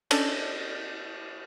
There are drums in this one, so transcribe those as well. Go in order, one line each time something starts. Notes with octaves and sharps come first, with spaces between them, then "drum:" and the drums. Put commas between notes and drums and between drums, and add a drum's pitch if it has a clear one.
C#4 D4 A4, drum: cymbal